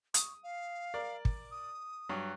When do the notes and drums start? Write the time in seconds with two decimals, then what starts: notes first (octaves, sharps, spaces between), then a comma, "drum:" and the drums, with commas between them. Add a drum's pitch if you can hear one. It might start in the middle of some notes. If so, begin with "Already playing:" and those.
0.14 C#6 D#6, drum: hi-hat
0.43 F5
0.94 A#4 D5
1.25 drum: kick
1.51 D#6
2.09 G2 F#3